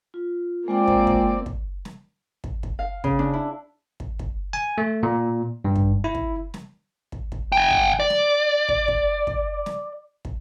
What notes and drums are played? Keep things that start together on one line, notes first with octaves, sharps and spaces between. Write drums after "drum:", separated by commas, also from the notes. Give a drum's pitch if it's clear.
F4
G#3 A#3 C4 F4 D5 G5
drum: kick
drum: kick
drum: kick
drum: snare
drum: kick
drum: kick
F5
C#3, drum: kick
D4
E4
drum: kick
drum: kick
G#5
A3
A#2
G2
drum: kick
E4
drum: kick
drum: snare
drum: kick
drum: kick
G5 G#5
drum: kick
D5
drum: snare
drum: kick
drum: kick
drum: kick
drum: snare
drum: kick